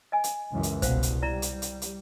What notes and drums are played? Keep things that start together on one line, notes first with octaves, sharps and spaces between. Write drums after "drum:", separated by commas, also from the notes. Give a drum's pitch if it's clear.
D#5 G#5
drum: hi-hat
C#2 F#2 E3
drum: hi-hat
C2 B2 C5 F5 F#5, drum: kick, hi-hat
drum: hi-hat
G3 E4 D5 A#5
drum: hi-hat
drum: hi-hat
drum: hi-hat